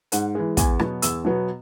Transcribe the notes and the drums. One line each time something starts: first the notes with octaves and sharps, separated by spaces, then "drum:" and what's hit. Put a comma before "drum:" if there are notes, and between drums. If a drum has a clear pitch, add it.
G#2 F#5, drum: hi-hat
E3 G#3
E2 G#5, drum: kick, hi-hat
B2 F#3 B3, drum: rim click
E2 E6, drum: hi-hat
B2 F#3 B3